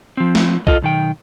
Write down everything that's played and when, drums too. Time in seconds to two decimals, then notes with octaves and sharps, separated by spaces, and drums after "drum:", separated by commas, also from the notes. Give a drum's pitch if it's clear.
0.17 F3 C4
0.35 drum: snare
0.67 F4 A4 D#5, drum: kick B1
0.82 B1 D#3 G5